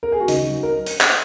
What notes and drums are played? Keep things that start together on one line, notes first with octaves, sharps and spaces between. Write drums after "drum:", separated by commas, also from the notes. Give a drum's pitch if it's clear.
A#4
G#4
F#4
C#3 D#4, drum: hi-hat
F#3
A#4
drum: hi-hat
drum: clap